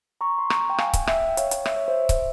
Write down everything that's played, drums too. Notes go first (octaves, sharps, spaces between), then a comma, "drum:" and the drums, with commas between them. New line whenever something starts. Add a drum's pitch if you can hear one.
A#5 C#6
C6
A#5 C#6, drum: rim click
G5
F5 G#5, drum: rim click
drum: kick C#1, hi-hat
E5 G5, drum: rim click
G5
C#5 F5, drum: hi-hat
drum: hi-hat
E5, drum: rim click
C#5
C5 E5
drum: kick C#1, hi-hat